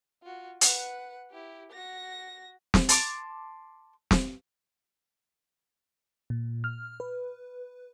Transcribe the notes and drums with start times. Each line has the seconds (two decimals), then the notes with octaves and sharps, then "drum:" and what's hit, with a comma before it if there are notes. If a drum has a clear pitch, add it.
0.22 F4 F#4
0.61 B4 F#5, drum: hi-hat
1.30 E4 G4
1.71 F#4 A#6
2.74 drum: snare
2.89 A5 C6 D6, drum: hi-hat
4.11 drum: snare
6.30 A#2
6.64 F6
7.00 B4